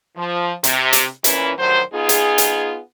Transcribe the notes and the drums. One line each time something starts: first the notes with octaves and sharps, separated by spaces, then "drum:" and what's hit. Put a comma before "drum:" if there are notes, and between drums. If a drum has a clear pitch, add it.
F3
C3, drum: hi-hat
drum: hi-hat
A#2 E3 A#3 C#4 E4 B4, drum: hi-hat
D2 G2 D#3 F#3 C5
B3 D#4 F4 G#4
drum: hi-hat
drum: hi-hat